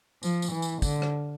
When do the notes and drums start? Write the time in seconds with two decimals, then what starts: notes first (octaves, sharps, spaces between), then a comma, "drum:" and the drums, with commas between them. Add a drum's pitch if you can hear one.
0.23 F3, drum: tambourine
0.42 drum: tambourine
0.52 E3
0.62 drum: tambourine
0.82 D3, drum: kick, tambourine
1.02 drum: rim click